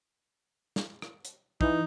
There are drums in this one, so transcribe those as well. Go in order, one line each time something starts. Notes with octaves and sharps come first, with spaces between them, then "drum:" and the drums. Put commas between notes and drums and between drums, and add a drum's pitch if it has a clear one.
drum: snare
drum: rim click
drum: hi-hat
E3 D#4, drum: kick